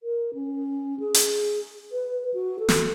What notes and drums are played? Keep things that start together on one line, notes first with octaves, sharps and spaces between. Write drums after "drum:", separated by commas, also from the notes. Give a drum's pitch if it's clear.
A#4
C#4
G#4
drum: hi-hat
B4
F#4
A4
drum: snare